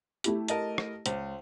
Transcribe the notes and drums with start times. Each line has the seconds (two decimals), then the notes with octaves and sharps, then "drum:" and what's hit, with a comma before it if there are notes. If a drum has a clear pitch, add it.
0.24 A3 E4 G4, drum: hi-hat
0.48 A#4 D#5 A5, drum: hi-hat
0.78 drum: rim click
1.06 C#2 C5, drum: hi-hat